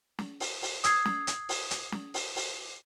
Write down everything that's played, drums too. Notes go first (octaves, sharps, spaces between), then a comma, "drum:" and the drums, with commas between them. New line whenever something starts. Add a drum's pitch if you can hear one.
drum: snare
drum: open hi-hat
drum: open hi-hat
D#6 E6 G#6 C7, drum: hi-hat
drum: snare
drum: hi-hat
drum: open hi-hat
drum: hi-hat
drum: snare
drum: open hi-hat
drum: open hi-hat